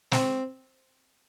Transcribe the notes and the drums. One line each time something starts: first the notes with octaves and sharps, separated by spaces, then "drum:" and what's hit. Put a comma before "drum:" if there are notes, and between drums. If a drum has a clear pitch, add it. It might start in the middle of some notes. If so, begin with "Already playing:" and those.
C4, drum: snare